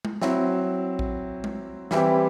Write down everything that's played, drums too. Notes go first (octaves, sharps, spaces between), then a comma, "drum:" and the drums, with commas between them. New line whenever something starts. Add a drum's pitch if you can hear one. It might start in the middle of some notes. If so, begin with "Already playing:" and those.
drum: tom G#3
F#3 C4 E4, drum: snare
drum: kick A#1
drum: tom G#3
E3 G3 C4 E4 G4, drum: snare